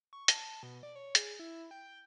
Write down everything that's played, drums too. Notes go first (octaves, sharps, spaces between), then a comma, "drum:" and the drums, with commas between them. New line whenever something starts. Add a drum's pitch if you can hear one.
C#6
A5, drum: hi-hat
B2
D5
C#5
G#4, drum: hi-hat
E4
G5